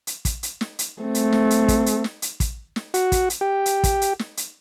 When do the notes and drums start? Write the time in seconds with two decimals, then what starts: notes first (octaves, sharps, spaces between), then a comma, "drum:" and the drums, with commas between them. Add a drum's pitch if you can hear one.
0.07 drum: hi-hat
0.25 drum: kick, hi-hat
0.43 drum: hi-hat
0.61 drum: snare
0.79 drum: hi-hat
1.01 A3 C4
1.15 drum: hi-hat
1.32 drum: snare
1.50 drum: hi-hat
1.68 drum: kick, hi-hat
1.86 drum: hi-hat
2.04 drum: snare
2.22 drum: hi-hat
2.40 drum: kick, hi-hat
2.76 drum: snare
2.94 F#4, drum: hi-hat
3.12 drum: kick, hi-hat
3.30 drum: hi-hat
3.41 G4
3.66 drum: hi-hat
3.84 drum: kick, hi-hat
4.01 drum: hi-hat
4.19 drum: snare
4.37 drum: hi-hat